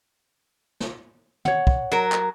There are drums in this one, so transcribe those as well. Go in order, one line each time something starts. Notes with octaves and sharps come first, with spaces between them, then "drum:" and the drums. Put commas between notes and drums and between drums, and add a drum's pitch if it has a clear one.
drum: snare
C#5 F#5, drum: tom
drum: kick
F#3 A#4
drum: clap